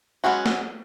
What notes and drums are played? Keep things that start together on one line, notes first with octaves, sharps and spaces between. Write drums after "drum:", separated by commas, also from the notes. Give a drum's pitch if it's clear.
F#3 G#3 B3 C#4 F#4
drum: snare